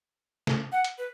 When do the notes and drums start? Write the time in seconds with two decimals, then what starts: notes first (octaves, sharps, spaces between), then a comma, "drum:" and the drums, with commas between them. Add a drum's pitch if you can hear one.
0.47 drum: snare
0.72 F#5
0.84 drum: hi-hat
0.98 B4